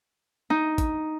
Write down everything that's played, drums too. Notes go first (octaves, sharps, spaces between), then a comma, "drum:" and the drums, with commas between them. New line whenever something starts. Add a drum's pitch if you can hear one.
D#4
drum: kick, hi-hat